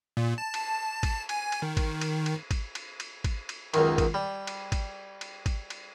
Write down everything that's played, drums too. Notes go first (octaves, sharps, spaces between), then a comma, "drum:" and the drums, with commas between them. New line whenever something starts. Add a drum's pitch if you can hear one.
A#2
A5
drum: cymbal
drum: kick, cymbal
G#5, drum: cymbal
drum: cymbal
D#3
drum: kick, cymbal
drum: cymbal
drum: cymbal
drum: kick, cymbal
drum: cymbal
drum: cymbal
drum: kick, cymbal
drum: cymbal
C#2 F#2 D#3, drum: cymbal
drum: kick, cymbal
G3
drum: cymbal
drum: kick, cymbal
drum: cymbal
drum: kick, cymbal
drum: cymbal